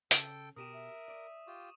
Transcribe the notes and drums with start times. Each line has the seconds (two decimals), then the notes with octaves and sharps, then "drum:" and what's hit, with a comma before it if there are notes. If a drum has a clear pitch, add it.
0.11 C#3 A4 G5, drum: hi-hat
0.56 B2 G4 A#4 D#6 D#7 E7
0.74 E5
1.08 D5
1.47 F4 G4 C#6